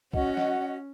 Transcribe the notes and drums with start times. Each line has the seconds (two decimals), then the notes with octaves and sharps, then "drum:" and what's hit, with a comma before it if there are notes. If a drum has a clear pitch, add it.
0.13 C#4 F#4 D#5 F#5, drum: kick
0.37 drum: snare